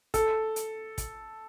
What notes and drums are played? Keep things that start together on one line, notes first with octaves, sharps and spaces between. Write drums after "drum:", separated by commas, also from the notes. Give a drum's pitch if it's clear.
A4, drum: kick, hi-hat
drum: hi-hat
drum: kick, hi-hat